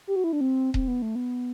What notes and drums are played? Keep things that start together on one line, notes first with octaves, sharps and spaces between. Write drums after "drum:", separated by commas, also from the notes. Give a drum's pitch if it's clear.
G4
F#4
E4
D4
C4
C4, drum: kick D#1
B3
A3
B3